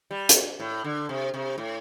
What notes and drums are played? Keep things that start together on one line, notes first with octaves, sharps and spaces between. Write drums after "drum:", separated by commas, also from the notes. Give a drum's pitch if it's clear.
G3
drum: hi-hat
A2
D3
C3
C3
A2